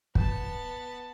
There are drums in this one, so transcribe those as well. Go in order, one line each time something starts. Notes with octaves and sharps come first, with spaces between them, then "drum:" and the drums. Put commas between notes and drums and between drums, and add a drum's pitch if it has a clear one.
B3 A5, drum: kick